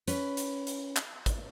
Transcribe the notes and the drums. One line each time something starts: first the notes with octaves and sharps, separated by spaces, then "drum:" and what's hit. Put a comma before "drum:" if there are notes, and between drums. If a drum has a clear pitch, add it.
C#4 B4, drum: hi-hat
drum: hi-hat
drum: hi-hat
drum: clap
drum: kick, hi-hat